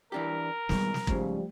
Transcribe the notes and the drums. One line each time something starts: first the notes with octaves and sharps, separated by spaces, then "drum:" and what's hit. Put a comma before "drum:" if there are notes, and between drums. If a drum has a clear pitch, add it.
E3 D4 G4 A#4
G#2 B2 D#3 E3 G3, drum: snare
drum: snare
G#2 C#3 F3 G3 A3, drum: kick